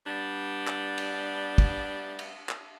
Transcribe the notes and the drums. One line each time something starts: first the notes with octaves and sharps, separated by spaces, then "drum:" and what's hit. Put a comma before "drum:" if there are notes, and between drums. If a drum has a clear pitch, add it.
G3 B3 D4
drum: clap
drum: cymbal
drum: kick, cymbal
drum: cymbal
drum: clap